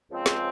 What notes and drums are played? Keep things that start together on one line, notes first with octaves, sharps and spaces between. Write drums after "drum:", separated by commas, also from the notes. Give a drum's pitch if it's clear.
C#2 C#3 F3 G#3 C4
drum: snare